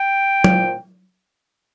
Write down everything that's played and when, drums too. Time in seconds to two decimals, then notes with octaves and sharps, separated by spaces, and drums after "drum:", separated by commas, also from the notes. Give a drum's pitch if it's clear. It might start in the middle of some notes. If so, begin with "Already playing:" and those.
Already playing: G5
0.44 A#2 F3, drum: tom F#3